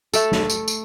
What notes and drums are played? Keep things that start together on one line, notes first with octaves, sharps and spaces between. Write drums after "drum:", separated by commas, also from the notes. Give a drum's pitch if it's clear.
A3 A4, drum: tambourine
drum: snare
drum: tambourine
drum: tambourine